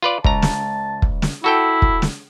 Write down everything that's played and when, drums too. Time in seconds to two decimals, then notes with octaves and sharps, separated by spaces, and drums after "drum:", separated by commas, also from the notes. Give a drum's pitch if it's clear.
0.02 F4 B4 D5
0.24 C#2 A5 A#5, drum: kick
0.42 drum: snare
1.02 drum: kick
1.22 drum: snare
1.44 E4 F#4 A4 G5
1.82 drum: kick
2.02 drum: snare